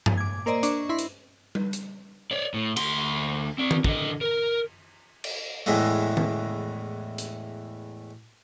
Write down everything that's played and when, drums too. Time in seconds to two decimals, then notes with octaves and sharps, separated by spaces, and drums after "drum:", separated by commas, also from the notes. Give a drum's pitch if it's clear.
0.06 drum: tom G2
0.17 D6 G#6
0.46 A#3 A#4 C5 D5 D#5 A#5
0.63 D4 C#6 D6, drum: hi-hat
0.89 E4 B5 C6
0.99 drum: hi-hat
1.55 drum: tom G3
1.73 drum: hi-hat
2.31 C#5 D5
2.54 A2
2.76 D2 C6, drum: cymbal
3.58 C4 D5
3.71 drum: tom D#3
3.84 D3 D#5, drum: kick
4.21 A#4
5.24 drum: cymbal
5.66 E2 A2 E3 G#3 A3
6.17 drum: tom D#3
7.18 drum: hi-hat